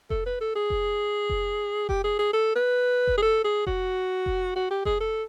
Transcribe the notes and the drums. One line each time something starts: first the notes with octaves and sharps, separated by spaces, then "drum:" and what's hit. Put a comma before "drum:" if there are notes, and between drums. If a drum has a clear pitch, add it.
A4, drum: kick F1
B4
A4
G#4
drum: kick F1
drum: kick F1
G4, drum: kick F1
G#4
G#4
A4
B4
drum: kick F1
G#4
A4
G#4
F#4, drum: kick F1
drum: kick F1
F#4
G4
G#4, drum: kick F1
A4